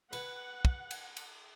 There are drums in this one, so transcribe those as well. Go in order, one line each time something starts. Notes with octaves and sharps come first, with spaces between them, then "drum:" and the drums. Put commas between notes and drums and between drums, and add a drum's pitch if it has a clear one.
B4 F#5, drum: cymbal
drum: kick
drum: cymbal
drum: cymbal